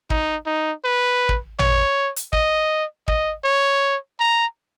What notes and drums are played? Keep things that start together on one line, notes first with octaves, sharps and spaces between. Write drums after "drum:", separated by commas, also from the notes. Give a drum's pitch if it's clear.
D#4, drum: kick
D#4
B4
drum: kick
C#5, drum: tom A1
drum: hi-hat
D#5, drum: kick
D#5, drum: kick
C#5
A#5